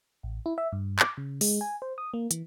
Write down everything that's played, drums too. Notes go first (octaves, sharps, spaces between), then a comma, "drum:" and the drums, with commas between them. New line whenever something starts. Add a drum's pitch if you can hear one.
A1
E4
E5
G2
D6, drum: clap
C#3
G#3, drum: open hi-hat
G#5
C5
D#6
A#3
E3, drum: hi-hat